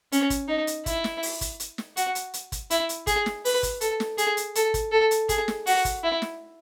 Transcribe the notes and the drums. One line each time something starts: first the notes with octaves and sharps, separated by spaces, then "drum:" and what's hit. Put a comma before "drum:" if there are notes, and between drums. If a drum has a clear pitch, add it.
C#4, drum: hi-hat
drum: kick, hi-hat
D#4
drum: hi-hat
E4, drum: kick, hi-hat
drum: snare
drum: open hi-hat
drum: kick, hi-hat
drum: hi-hat
drum: snare
F#4, drum: hi-hat
drum: hi-hat
drum: hi-hat
drum: kick, hi-hat
E4, drum: hi-hat
drum: hi-hat
G#4, drum: kick, hi-hat
drum: snare
B4, drum: open hi-hat
drum: kick, hi-hat
A4, drum: hi-hat
drum: snare
G#4, drum: hi-hat
drum: hi-hat
A4, drum: hi-hat
drum: kick, hi-hat
A4
drum: hi-hat
G#4, drum: kick, hi-hat
drum: snare
F#4, drum: open hi-hat
drum: kick, hi-hat
E4
drum: snare